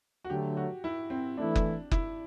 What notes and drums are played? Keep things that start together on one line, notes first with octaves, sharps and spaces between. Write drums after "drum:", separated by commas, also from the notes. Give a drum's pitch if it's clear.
F#4
D3 F#3 A3 G4
F#4
E4
C4
E3 A3 D4 E4
drum: kick F#1
E4, drum: kick F#1